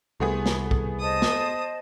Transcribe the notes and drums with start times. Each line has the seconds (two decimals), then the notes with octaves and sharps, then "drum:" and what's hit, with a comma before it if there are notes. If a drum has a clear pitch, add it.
0.20 C2 A3 B3 G#4
0.46 drum: snare
0.71 drum: kick
1.01 C5 D#5 A5 D#6
1.22 drum: snare